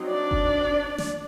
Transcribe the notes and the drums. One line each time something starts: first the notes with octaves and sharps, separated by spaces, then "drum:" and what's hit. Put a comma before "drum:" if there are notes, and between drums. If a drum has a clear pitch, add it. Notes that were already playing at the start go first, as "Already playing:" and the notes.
Already playing: F#3 C4 D#4
D4 D5
drum: kick F#1
drum: snare